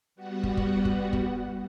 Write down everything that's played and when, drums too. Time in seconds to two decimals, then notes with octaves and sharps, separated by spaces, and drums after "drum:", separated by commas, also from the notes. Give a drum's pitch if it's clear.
0.16 G3 B3 F#4 F#5
0.43 drum: kick
0.57 drum: kick
0.85 drum: kick
1.13 drum: kick